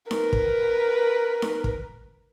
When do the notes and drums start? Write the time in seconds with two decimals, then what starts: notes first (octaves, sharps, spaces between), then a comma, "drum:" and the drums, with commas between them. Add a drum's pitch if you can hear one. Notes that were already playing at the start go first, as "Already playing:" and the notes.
0.11 A#4 B4, drum: snare D#4
0.33 drum: kick
1.42 drum: snare D#4
1.64 drum: kick